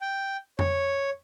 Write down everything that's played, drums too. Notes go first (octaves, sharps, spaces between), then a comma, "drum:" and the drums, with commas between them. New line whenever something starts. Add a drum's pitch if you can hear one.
G5
C#5, drum: tom F2